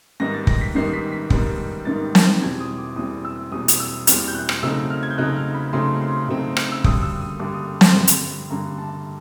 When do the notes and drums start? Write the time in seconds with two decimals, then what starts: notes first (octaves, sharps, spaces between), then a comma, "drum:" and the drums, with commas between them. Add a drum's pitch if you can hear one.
0.20 G#2 D#3 G3 B3 D#4 A#6
0.34 A6
0.47 A#6, drum: kick
0.61 B6
0.75 G#2 D#3 G3 B3 D#4 C7
0.93 B6
1.12 B6
1.30 G#2 D#3 G3 B3 D#4, drum: kick
1.85 G#2 D#3 G3 B3 D#4 A6
2.15 drum: snare
2.41 E2 B2 G3 C4 G#6
2.60 D#6
2.78 D6
2.96 E2 B2 G3 C4 D#6
3.25 E6
3.52 E2 B2 G3 C4 D#6
3.68 D#6, drum: hi-hat
3.80 E6
4.07 E2 B2 G3 C4 F6, drum: hi-hat
4.28 G6
4.34 F#6
4.49 drum: rim click
4.63 C#3 F#3 A3 C4 D#4 E6
4.90 F6
5.03 G#6
5.10 G6
5.18 C#3 F#3 A3 C4 D#4 F#6
5.36 F6
5.54 B5
5.73 C#3 F#3 A3 C4 D#4 C6
6.01 C6
6.29 C#3 F#3 A3 C4 D#4
6.57 drum: rim click
6.72 E6
6.84 G2 D3 G3 D#6, drum: kick
7.03 E6
7.21 D#6
7.39 G2 D3 G3 D6
7.54 D#6
7.67 D6
7.81 C6, drum: snare
7.95 G2 D3 G3
8.07 drum: hi-hat
8.50 G2 D3 G3 A#5
8.78 A5